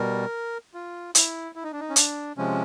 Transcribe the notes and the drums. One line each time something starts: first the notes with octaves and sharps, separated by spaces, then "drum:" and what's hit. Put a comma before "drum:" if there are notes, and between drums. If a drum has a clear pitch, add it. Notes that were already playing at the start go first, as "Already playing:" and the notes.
Already playing: B2 G3 A#4
F4
E4, drum: hi-hat
E4
D#4
D4
D#4
C#4
D4, drum: hi-hat
C3 F3 G#3 C#4